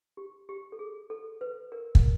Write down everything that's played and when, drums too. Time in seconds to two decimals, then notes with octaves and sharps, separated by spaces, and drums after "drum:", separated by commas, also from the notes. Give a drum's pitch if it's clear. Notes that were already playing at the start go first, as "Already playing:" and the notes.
0.17 G4
0.49 G4
0.72 A4
0.79 G#4
1.10 A4
1.41 B4
1.72 A#4
1.95 drum: kick